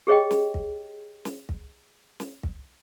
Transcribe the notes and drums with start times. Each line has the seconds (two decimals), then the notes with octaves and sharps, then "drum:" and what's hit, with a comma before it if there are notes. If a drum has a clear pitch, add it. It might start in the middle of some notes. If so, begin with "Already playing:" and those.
0.07 G4 G#4 C#5 D#5 G5
0.31 drum: snare
0.54 drum: kick
1.25 drum: snare
1.49 drum: kick
2.20 drum: snare
2.43 drum: kick